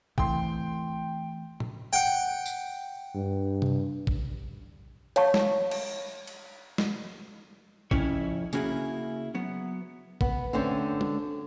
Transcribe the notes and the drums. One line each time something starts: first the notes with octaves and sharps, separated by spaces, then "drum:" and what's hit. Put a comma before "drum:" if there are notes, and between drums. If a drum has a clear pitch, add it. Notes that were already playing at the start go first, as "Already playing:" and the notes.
E3 A3 C4 G5 C6, drum: kick
drum: tom A2
F#5 G5
drum: tambourine
G2
drum: tom C3
drum: kick
C#5 F5 A5 C#6, drum: hi-hat
drum: snare
drum: cymbal
drum: cymbal
drum: snare
F2 C#3 C#4 E4 C#5, drum: kick
C#3 A#3 C#4 E4 F#4 G#4, drum: tambourine
F#3 B3
B3, drum: kick
D3 A3 C4 C#4
drum: tom